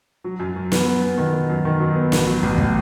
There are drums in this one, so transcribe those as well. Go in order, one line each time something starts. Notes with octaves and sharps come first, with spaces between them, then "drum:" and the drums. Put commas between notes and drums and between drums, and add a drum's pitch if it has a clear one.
F#3
F#2
F#3
B3, drum: snare
B3
B3
D#3
D#3
F#2
D#3
F#3
B3
A1, drum: snare
F#3
A1
A2, drum: kick